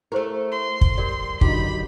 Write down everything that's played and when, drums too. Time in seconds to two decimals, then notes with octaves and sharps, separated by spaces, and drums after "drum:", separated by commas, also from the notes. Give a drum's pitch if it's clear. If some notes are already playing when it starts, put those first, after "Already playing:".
0.12 A3 E4 G4 A#4 C5
0.52 C6
0.81 drum: kick
0.98 G3 A#4 D5
1.41 D3 F#3 D#4 E4 G4 B5, drum: kick